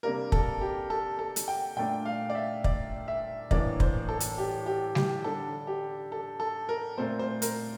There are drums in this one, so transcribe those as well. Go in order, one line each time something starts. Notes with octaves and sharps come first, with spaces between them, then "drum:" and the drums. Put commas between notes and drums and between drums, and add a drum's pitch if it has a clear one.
C3 G3 A#3 D4 A#4
A4, drum: kick
G4
A4
A4
drum: hi-hat
G5
A#2 A3 D4 G5
F5
D5
E5
D5, drum: kick
E5
A2 E3 A#3 D4 D5, drum: kick
C5, drum: kick
A4
drum: hi-hat
G4
G4
G4, drum: snare G3
D3 G3 D4 A4
G4
A4
A4
A#4
A#2 A3 C4 C5
C5
A#4, drum: hi-hat